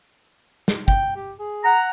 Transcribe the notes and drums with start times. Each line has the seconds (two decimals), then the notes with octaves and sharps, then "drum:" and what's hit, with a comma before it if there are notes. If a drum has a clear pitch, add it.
0.68 drum: snare
0.88 G5, drum: kick
1.16 G4
1.39 G#4
1.64 F#5 A#5